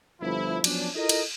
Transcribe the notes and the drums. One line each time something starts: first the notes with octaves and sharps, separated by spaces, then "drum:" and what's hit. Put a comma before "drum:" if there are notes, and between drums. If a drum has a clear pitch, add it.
G1 F3 E4
F3 F#3 B3 C#4 D4, drum: cymbal
E4 F4 A4 A#4 D#5
drum: cymbal